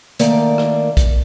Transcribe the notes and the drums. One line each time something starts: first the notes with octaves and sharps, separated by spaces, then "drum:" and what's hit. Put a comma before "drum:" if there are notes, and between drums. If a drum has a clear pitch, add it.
D#3 A3 A#3 D5, drum: hi-hat
drum: rim click
drum: kick, hi-hat